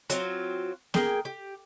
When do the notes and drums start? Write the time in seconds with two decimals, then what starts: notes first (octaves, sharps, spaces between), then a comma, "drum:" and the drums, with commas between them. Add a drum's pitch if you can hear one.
0.10 F#3 C4 F4, drum: hi-hat
0.94 A#3 G#4 G5, drum: snare B3
1.25 G4